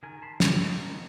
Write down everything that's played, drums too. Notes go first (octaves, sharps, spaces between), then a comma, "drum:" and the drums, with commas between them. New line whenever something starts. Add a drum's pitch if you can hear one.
D#3 G#4 A#4 G#5
A5 B5 C6
G5 C#6, drum: snare
F4 G4 A4 A#4 D#5
G#3 B3 C4 D4 A#4